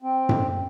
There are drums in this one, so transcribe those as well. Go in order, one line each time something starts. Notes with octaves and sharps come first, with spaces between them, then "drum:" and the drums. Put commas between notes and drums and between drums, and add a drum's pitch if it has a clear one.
C4
drum: tom F#2